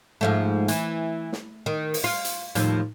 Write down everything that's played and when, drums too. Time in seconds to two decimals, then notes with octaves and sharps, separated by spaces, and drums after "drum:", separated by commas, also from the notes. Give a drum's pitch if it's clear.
0.21 G#2 F3 A3
0.68 E3, drum: hi-hat
1.32 drum: snare
1.66 D#3
1.94 drum: open hi-hat
2.04 F4
2.25 drum: hi-hat
2.55 D#2 A2 F3, drum: hi-hat